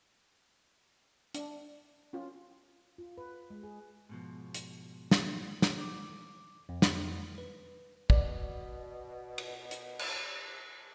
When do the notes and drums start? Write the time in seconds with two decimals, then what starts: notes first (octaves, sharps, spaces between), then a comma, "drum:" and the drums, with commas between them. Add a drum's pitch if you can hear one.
1.34 D4, drum: hi-hat
2.13 C#4 F4
2.98 F4
3.18 B4
3.50 G#3
3.63 G#4
4.09 G#2 B2 F3
4.54 drum: hi-hat
5.11 drum: snare
5.62 drum: snare
5.81 D6
6.69 F2
6.82 drum: snare
7.38 B4
8.10 B2 D5, drum: kick
9.38 drum: cymbal
9.71 drum: hi-hat
9.99 drum: cymbal